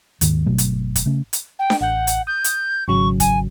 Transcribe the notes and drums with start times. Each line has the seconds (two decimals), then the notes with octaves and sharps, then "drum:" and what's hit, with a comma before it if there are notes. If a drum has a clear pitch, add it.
0.21 D#2 G#2 D#3, drum: hi-hat
0.46 G1 B2 F#3 A3
0.58 drum: hi-hat
0.96 drum: kick, hi-hat
1.06 C#3 A3 C#4
1.33 drum: hi-hat
1.59 G5
1.70 drum: snare D4
1.81 A1 F#5 G6
2.07 drum: hi-hat
2.27 D#6 G6
2.44 drum: hi-hat
2.88 G#1 C#3 F#3 C#6
3.20 G#5, drum: kick, hi-hat